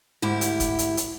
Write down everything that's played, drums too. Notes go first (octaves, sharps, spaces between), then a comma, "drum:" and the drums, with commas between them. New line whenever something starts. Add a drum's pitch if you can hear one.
D2 G#2 E4 G4
drum: hi-hat
drum: kick F#1, hi-hat
drum: hi-hat
drum: hi-hat